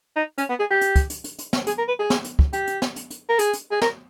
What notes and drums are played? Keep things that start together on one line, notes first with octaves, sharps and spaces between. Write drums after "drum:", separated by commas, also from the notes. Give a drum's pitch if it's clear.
D#4
C#4, drum: hi-hat
B3
G#4
G4
drum: hi-hat
drum: kick, hi-hat
drum: hi-hat
drum: hi-hat
drum: hi-hat
drum: snare
G#4, drum: hi-hat
A#4
B4
G#4
drum: snare
drum: hi-hat
drum: kick
G4, drum: hi-hat
drum: hi-hat
drum: snare
drum: hi-hat
drum: hi-hat
A#4
G#4, drum: hi-hat
drum: hi-hat
G#4
A#4, drum: snare